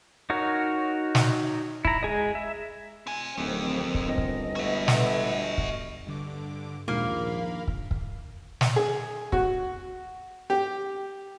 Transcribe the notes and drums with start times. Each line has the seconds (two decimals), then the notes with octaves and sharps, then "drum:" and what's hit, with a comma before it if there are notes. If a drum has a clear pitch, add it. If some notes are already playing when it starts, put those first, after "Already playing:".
0.30 D#4 F#4 A#4 C#5
1.15 drum: snare
1.85 E4 A#5, drum: kick
2.03 G#3 G#4 D#5
2.35 E5
3.07 C4 G#5
3.37 D1 F2 D#3 C4
3.94 drum: kick
4.07 G1 D#5
4.18 drum: kick
4.56 A3 B3 F#4 E5
4.88 drum: snare
5.58 drum: kick
6.06 G2 D3 D6
6.88 A#1 D#2 G#2 F3 A#3 A#4 F5 B5
7.68 drum: kick
7.91 drum: kick
8.61 drum: snare
8.76 G#4
9.32 F#4, drum: kick
10.50 G4